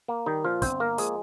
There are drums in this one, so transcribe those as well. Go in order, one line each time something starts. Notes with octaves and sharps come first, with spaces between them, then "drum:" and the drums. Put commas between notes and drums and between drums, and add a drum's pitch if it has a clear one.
A#3
D#3 G3 D#4
A#2 F3 F4
G1 C4 C5, drum: kick, hi-hat
A#3 A#4
F3 G#3 G#4, drum: hi-hat